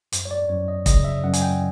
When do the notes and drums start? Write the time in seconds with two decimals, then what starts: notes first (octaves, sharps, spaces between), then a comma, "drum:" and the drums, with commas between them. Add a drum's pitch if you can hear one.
0.12 F#2, drum: hi-hat
0.25 C#5
0.31 D5
0.49 F#2 C#5
0.68 D#5
0.86 C#3 D#5, drum: kick, hi-hat
1.04 E5
1.24 F#2 F#5
1.33 G#5, drum: hi-hat
1.42 G5